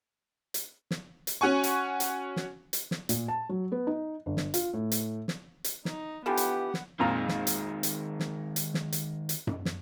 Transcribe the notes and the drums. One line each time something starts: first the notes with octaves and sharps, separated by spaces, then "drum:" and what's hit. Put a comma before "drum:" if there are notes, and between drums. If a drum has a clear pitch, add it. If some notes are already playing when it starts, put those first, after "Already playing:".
drum: hi-hat
drum: snare
drum: hi-hat
C#4 F#4 F#5 G#5 C#6
drum: hi-hat
drum: hi-hat
drum: snare
drum: hi-hat
drum: snare
A#2, drum: hi-hat
A5
F#3
B3
D#4
G1
drum: snare
F4, drum: hi-hat
A2
drum: hi-hat
drum: snare
drum: hi-hat
D#4, drum: snare
D3 E3 F3 B3 G4 F#5
drum: hi-hat
drum: snare
F2 A#2 D#3 G#3 A#5
drum: snare
drum: hi-hat
drum: hi-hat
drum: snare
drum: hi-hat
drum: snare
drum: hi-hat
drum: hi-hat
drum: tom F#2
drum: snare